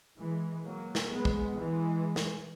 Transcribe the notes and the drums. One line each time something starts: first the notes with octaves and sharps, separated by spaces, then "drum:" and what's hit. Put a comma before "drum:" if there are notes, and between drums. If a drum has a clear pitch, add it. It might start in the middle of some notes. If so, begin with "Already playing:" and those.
E3 G#3
F#3 A#3
drum: snare
G#3 B3
drum: kick
E3 G#3
drum: snare